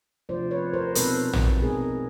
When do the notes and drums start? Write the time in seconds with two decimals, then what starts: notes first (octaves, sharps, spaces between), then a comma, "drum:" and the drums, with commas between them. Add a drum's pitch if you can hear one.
0.29 C3 F3 A3 D4 F4 C5 D5
0.51 B4 C#5
0.73 A#4 C5
0.95 B2 G#3 C4 D#4 A4 B4, drum: hi-hat
1.33 drum: tom
1.62 B2 G#3 C4 D#4 G#4 A#4